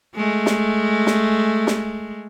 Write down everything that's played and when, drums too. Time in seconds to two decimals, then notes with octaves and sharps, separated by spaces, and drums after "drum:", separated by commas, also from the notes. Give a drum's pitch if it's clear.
0.16 G#3 A3
0.46 drum: snare
1.07 drum: snare
1.67 drum: snare